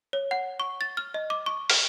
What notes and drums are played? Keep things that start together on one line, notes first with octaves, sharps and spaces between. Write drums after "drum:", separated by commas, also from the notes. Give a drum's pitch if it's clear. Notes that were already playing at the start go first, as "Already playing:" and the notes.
C#5
F#5
C#6
A6
F6
D#5
D6
C#6
F6, drum: open hi-hat